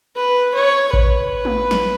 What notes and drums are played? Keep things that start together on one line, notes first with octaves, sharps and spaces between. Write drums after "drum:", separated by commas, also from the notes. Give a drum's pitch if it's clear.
B4
C#5
B4, drum: kick A1
drum: tom G#3
drum: snare